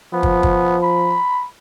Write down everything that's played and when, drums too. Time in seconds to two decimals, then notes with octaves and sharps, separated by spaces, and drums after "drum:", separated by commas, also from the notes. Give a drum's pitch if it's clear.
0.14 F3 B3
0.23 drum: kick
0.43 drum: kick
0.83 B5